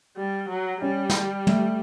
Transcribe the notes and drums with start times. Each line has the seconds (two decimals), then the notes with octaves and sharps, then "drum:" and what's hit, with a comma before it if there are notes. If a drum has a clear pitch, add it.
0.17 G3
0.49 F#3
0.82 G3 C#4
1.10 drum: snare
1.47 A3, drum: tom